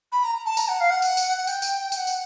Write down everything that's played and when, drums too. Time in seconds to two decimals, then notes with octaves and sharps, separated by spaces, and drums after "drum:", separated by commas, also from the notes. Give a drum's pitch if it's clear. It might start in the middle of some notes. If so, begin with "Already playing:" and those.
0.12 B5
0.24 A#5
0.46 A5
0.57 A#5, drum: tambourine
0.68 F#5
0.80 F5
0.90 F#5
1.02 drum: tambourine
1.17 drum: tambourine
1.38 F#5
1.47 G5, drum: tambourine
1.62 drum: tambourine
1.81 G5
1.92 G5, drum: tambourine
1.97 F#5
2.07 drum: tambourine